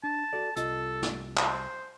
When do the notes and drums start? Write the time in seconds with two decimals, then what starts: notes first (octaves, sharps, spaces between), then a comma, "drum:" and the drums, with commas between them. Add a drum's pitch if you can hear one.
0.04 D4 A5
0.33 F#4 A4 D5
0.56 C2 F4 A4 D#5, drum: hi-hat
1.03 drum: snare
1.37 drum: clap
1.48 C5